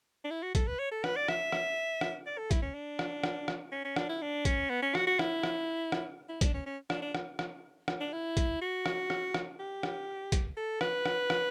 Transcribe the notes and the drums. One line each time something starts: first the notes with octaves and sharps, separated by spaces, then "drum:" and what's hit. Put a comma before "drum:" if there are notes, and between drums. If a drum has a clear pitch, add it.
D4
E4
F#4
A4, drum: kick, hi-hat
B4
C#5
A4
B4, drum: rim click
D5
E5, drum: rim click
drum: rim click
drum: rim click
D5
A4
E4, drum: kick, hi-hat
C#4
D4
drum: rim click
drum: rim click
drum: rim click
C#4
C#4
D4, drum: rim click
E4
D4
C#4, drum: kick, hi-hat
B3
C#4
F#4, drum: rim click
F#4
E4, drum: rim click
drum: rim click
drum: rim click
E4
D4, drum: kick, hi-hat
C#4
C#4
D4, drum: rim click
D4
drum: rim click
drum: rim click
drum: rim click
D4
E4
drum: kick, hi-hat
F#4
drum: rim click
drum: rim click
drum: rim click
G4
drum: rim click
drum: kick, hi-hat
A4
B4, drum: rim click
drum: rim click
drum: rim click